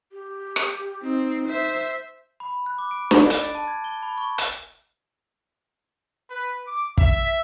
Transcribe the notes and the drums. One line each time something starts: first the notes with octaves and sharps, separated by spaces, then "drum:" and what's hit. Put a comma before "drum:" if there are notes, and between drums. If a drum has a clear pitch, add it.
G4
drum: rim click
C4 D#4
C5 E5
B5
F#6
D6
D7
F7, drum: snare D4
A6, drum: hi-hat
D7
A5
G#6
G7
B5
C#6
drum: hi-hat
B4
D6
E5, drum: kick